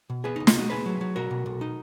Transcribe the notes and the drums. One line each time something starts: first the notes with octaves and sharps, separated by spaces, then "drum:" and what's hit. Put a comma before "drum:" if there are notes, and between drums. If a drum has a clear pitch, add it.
B2
B3 G#4 B4
C#2 D#4
F4, drum: snare
B2 D#4 F#4
B3 G#4 B4
F#3
F#3
B2 F#4 A#4
B2
B1
D#4